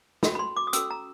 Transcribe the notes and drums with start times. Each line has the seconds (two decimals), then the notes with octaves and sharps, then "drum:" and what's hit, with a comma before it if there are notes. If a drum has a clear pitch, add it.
0.23 C#4 F#4 A4 B5, drum: snare
0.35 B5
0.39 C6
0.57 D6
0.67 D#6
0.73 C#4 F#4 A4 E6, drum: hi-hat
0.91 A#5